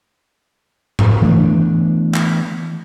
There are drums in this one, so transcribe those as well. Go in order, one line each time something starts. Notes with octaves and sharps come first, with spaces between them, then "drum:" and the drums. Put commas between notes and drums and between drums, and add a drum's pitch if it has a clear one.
drum: tom G#2
E3 A3 B3 D4
drum: clap